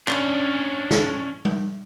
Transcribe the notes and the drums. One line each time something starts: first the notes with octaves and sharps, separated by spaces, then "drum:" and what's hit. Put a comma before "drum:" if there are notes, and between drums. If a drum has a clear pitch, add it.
C#4 D4, drum: clap
drum: snare
drum: tom G3